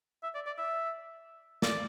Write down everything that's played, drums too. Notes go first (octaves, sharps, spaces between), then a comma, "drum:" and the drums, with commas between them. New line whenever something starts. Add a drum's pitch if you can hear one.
E5
D5
D5
E5
D5, drum: snare